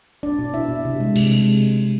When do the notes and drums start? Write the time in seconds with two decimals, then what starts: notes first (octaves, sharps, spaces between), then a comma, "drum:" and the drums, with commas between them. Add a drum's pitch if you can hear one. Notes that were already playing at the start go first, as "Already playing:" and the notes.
0.23 D4 D5
0.39 B2
0.54 D4 E4 E5
0.69 B2
0.85 C3
1.00 G#3
1.16 C3, drum: cymbal
1.31 G#3